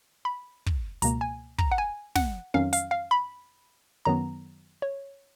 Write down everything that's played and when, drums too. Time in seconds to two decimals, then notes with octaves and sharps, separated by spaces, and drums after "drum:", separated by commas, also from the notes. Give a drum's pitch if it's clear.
0.25 B5
0.66 drum: kick
1.02 C#2 B2 A#3 A#5, drum: hi-hat
1.21 G#5
1.58 A#5, drum: kick
1.71 F#5
1.78 G#5
2.16 F#5, drum: snare
2.54 F2 D#3 F#3 C#4 F5
2.73 F5, drum: hi-hat
2.91 F5
3.11 B5
4.05 F#2 D#3 F#3 B3 A#5
4.82 C#5